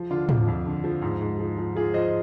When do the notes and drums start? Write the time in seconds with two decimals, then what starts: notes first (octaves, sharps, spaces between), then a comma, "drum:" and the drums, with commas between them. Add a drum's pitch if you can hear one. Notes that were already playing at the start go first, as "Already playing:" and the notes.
Already playing: F3
0.10 D3 D4 F4
0.29 F2, drum: tom
0.48 F2
0.66 D3
0.84 F3
1.02 G#2
1.21 G#2
1.39 F3
1.57 F3
1.75 F3 F4 G#4
1.94 F3 C5 D#5